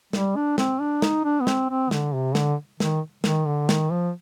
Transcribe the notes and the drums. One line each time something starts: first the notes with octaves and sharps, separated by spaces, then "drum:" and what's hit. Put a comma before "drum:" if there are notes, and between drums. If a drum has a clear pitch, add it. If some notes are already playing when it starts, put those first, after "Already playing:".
G3, drum: snare
D4
C4, drum: snare
D4
D#4, drum: snare
D4
B3
C4, drum: snare
C4
D3, drum: snare
C3
D3, drum: snare
D#3, drum: snare
D#3, drum: snare
D3
D#3, drum: snare
F3